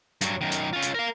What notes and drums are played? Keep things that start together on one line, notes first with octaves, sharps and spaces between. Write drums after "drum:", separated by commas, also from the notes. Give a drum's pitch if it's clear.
G2 F#3, drum: hi-hat
F#2 D#3
drum: hi-hat
C#4 F4
drum: hi-hat
A#4 F5